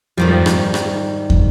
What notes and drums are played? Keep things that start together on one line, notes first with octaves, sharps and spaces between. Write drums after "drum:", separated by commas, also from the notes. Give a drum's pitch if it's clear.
F2 G#2 D#3 F3 G3
drum: rim click
drum: rim click
drum: kick